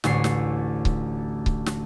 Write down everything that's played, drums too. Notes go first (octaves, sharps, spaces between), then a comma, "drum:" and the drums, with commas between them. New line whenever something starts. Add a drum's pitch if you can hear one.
A1 D2 C#5 C7, drum: snare
drum: snare
drum: kick C#1
drum: kick C#1
drum: snare